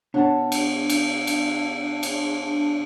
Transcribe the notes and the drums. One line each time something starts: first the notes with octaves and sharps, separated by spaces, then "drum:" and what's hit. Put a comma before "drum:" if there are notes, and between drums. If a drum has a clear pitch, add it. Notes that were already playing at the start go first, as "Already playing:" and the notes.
B2 D4 C#5 F#5 A5
drum: cymbal
drum: cymbal
drum: cymbal
drum: cymbal